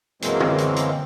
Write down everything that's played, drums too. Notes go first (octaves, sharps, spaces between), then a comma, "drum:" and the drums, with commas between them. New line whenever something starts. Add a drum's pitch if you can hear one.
F#2 B2 E3 G#3 A#3 C4, drum: hi-hat
drum: tom
drum: hi-hat
drum: hi-hat